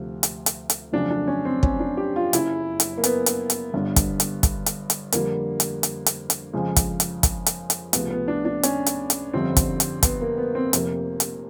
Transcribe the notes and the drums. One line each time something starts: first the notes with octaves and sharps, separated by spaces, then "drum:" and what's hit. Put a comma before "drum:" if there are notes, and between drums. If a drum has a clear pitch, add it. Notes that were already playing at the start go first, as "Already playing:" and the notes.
Already playing: D2 C3 F3
drum: hi-hat
drum: hi-hat
drum: hi-hat
F2 C#3 F#3 A3 D4
D4
C#4
C4
C#4, drum: kick
D4
G4
F4
F#1 F#2 C#3 E4, drum: hi-hat
drum: hi-hat
A#3
B3, drum: hi-hat
drum: hi-hat
drum: hi-hat
G1 G2 D3
drum: kick, hi-hat
drum: hi-hat
drum: kick, hi-hat
drum: hi-hat
drum: hi-hat
F2 D3 G3 A#3, drum: hi-hat
drum: hi-hat
drum: hi-hat
drum: hi-hat
drum: hi-hat
F2 C#3 F3 G#3
drum: kick, hi-hat
drum: hi-hat
drum: kick, hi-hat
drum: hi-hat
drum: hi-hat
C#2 C3 F3 A3 B3, drum: hi-hat
B3
D4
D4
C#4, drum: hi-hat
drum: hi-hat
drum: hi-hat
G1 F2 D3 G3 C4
drum: kick, hi-hat
drum: hi-hat
B3, drum: kick, hi-hat
A#3
B3
C4
F1 F2 C3 A#3, drum: hi-hat
drum: hi-hat